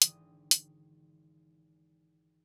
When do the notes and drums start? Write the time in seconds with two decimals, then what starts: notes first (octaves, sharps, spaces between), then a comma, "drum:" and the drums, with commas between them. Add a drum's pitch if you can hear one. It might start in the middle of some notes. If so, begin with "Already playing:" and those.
0.02 G#1 D3 E3 G5 D#6, drum: hi-hat
0.51 drum: hi-hat